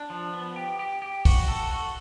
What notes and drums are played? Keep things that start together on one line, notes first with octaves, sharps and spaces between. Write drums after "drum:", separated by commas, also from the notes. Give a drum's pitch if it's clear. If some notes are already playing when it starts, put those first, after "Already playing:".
Already playing: D4
F3
B3
G4
G4
G4
F#4, drum: kick, open hi-hat
A4
F#4